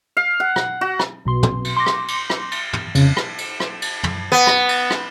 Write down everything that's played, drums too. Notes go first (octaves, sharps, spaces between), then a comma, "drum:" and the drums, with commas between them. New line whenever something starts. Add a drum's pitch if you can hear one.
F5
F#5
drum: rim click
F#4
drum: rim click
B1 B2 C6
drum: tom
drum: cymbal
C6 D6 A#6
drum: rim click
drum: cymbal
drum: rim click
drum: cymbal
drum: tom
F2 C#3, drum: cymbal
drum: rim click
drum: cymbal
drum: rim click
drum: cymbal
drum: tom
B3
drum: rim click
drum: cymbal
drum: rim click